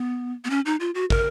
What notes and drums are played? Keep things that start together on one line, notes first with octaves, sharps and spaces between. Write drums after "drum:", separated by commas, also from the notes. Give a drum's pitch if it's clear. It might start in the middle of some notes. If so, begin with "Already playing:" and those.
Already playing: B3
B3
C#4
D#4
F4
F#4
A#4, drum: kick